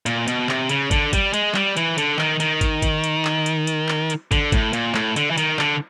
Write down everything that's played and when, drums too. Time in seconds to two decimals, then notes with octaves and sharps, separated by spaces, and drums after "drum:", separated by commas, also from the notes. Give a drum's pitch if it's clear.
0.06 A#2, drum: hi-hat
0.28 B2, drum: hi-hat
0.49 C3, drum: clap
0.69 C#3, drum: hi-hat
0.91 D3, drum: kick, hi-hat
1.13 G3, drum: kick, hi-hat
1.34 G#3, drum: hi-hat
1.54 G3, drum: clap
1.77 E3, drum: hi-hat
1.98 D3, drum: hi-hat
2.19 D#3, drum: clap
2.40 D#3, drum: hi-hat
2.61 drum: kick, hi-hat
2.82 drum: kick, hi-hat
3.04 drum: hi-hat
3.25 drum: clap
3.46 drum: hi-hat
3.67 drum: hi-hat
3.89 drum: clap
4.10 drum: hi-hat
4.32 D3, drum: kick, hi-hat
4.52 A2, drum: kick, hi-hat
4.73 A#2, drum: hi-hat
4.95 A2, drum: clap
5.16 D3, drum: hi-hat
5.31 E3
5.38 D#3, drum: hi-hat
5.59 D3, drum: clap